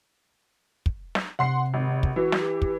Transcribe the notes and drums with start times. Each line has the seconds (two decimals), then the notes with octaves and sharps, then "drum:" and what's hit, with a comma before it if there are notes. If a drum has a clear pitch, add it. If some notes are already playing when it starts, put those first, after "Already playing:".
0.86 drum: kick
1.15 drum: snare
1.39 C3 F#5 C6 C7
1.74 G#1
2.03 drum: kick
2.16 E3 F#4
2.32 drum: snare
2.42 G4
2.62 drum: kick